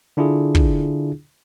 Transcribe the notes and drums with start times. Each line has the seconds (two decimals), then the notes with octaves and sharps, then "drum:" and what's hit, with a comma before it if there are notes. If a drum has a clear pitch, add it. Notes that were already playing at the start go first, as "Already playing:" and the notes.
0.17 D3 D4 E4 F4 G#4
0.55 drum: kick